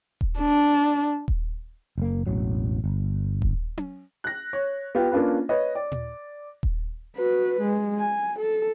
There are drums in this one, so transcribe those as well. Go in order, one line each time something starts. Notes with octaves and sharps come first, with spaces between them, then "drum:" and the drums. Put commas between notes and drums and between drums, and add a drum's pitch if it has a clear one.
drum: kick D#1
D4
drum: kick D#1
F#1 A#3
E1 A1 F#3
G1
drum: kick D#1
drum: tom C#4
F#6 A#6
C#5
B3 F4 G4
A#3 C#4 D4 F4 B4
B4 C#5 D#5
D5
drum: tom A#2
drum: kick D#1
F#4 B4
G#3
G#5
A4